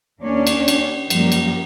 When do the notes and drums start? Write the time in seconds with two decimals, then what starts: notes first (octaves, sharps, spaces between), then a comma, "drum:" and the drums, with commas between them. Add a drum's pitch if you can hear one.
0.21 D#2 A#3 C#4 D4
0.47 drum: cymbal
0.68 drum: cymbal
1.10 F#2 F3 G3 A#3, drum: cymbal
1.32 drum: cymbal